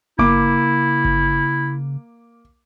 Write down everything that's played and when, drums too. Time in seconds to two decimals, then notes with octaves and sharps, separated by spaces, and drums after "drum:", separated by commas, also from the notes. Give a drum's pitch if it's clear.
0.19 C#3 A#3 E4 D6, drum: kick G1
1.05 drum: kick G1